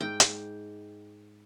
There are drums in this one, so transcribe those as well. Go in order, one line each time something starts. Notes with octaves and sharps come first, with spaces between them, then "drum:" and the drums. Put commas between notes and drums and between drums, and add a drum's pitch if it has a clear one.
G#2 G5
drum: hi-hat